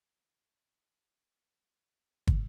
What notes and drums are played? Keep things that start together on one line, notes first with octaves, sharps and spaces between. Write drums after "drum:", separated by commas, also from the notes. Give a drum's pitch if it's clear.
A#5 C6 C#6
drum: kick